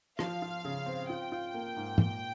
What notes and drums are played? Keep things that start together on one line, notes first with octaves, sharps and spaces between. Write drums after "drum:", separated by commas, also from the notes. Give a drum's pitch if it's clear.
F3 F5, drum: rim click
F4
C#3
C4
F4 G5
F4
A#3
G#2
A#2, drum: tom